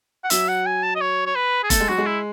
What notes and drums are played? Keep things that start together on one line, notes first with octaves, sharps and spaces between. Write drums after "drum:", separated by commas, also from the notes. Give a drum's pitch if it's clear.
F#5
F#3 E5, drum: hi-hat
F#5
G#5
A5
D#5
C#5
C#5
B4
G#4
A3 A4, drum: kick F1, hi-hat
G#3
F#3 F#4
G#3
E4